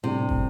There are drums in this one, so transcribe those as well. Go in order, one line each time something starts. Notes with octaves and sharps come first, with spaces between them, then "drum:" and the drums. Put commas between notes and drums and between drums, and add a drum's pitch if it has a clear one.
A2 C3 G3 D4
drum: kick